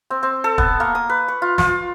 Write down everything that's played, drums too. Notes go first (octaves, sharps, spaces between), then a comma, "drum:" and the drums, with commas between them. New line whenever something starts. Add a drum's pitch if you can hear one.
C4
C4
A4
B3, drum: kick
A#3
D#6
B4
C#6
F4
F4, drum: snare